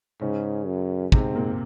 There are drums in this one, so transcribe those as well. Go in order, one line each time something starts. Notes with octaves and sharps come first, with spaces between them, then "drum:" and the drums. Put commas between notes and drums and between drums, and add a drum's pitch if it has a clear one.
G#2 C#3 C#4
F#2
G#2 C3 C4, drum: kick
A#2 A#3